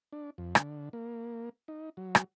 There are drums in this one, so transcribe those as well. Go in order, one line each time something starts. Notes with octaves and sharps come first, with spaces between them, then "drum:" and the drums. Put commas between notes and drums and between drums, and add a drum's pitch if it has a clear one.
D4
F2
D3, drum: rim click
A#3
D#4
F#3
drum: rim click